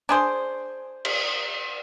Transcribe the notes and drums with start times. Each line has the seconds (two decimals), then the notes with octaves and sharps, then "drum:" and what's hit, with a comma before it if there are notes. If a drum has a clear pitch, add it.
0.09 D4 G#4 C5
1.05 drum: cymbal